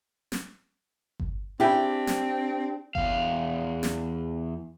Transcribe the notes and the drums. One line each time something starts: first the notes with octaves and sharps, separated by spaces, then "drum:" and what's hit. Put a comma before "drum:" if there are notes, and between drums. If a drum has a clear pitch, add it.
drum: snare
drum: kick G1
C4 D4 E4 G4 G5 G#5
drum: snare
E2 F5, drum: kick G1
drum: snare